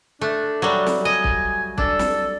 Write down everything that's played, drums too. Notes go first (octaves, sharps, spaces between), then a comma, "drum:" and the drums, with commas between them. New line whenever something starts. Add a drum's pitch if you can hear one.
A3 D4
F#3 G3
drum: snare
D#5 G#5
drum: kick
D4 A4, drum: kick
drum: snare